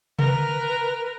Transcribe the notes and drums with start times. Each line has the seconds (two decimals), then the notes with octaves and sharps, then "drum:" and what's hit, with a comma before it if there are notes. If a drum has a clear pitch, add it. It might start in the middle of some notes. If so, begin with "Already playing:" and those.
0.19 A#4 B4, drum: tom C3